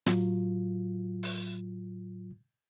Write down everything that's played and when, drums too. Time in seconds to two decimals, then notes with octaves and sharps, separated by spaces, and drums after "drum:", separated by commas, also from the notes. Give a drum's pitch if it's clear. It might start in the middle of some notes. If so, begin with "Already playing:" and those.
0.06 A2 F#3 F4, drum: snare
1.23 drum: open hi-hat